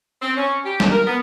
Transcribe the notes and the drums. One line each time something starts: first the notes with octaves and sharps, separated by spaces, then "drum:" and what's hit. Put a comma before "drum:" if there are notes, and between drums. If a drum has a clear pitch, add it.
C4
C#4
G4
drum: snare
A#4
B3